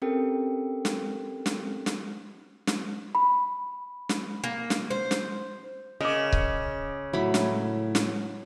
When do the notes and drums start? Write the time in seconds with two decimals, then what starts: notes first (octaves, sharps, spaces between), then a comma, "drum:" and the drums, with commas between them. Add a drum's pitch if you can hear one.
0.02 C4 C#4 G4 A4 A#4 G5
0.85 drum: snare
1.46 drum: snare
1.86 drum: snare
2.67 drum: snare
3.15 B5
4.09 drum: snare
4.44 A#3
4.70 drum: snare
4.90 C5
5.11 drum: snare
6.01 C#3 A#4 D#5 D6
6.32 drum: kick C#1
7.13 A2 F#3 E4 B5
7.34 drum: snare
7.95 drum: snare